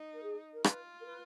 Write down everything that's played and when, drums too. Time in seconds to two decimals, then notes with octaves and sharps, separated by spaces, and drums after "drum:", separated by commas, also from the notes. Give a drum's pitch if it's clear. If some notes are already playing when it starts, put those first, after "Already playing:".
Already playing: D#4
0.13 A#4
0.22 G#4
0.53 A#4
0.64 F4 B4, drum: rim click
1.00 A#4
1.05 B4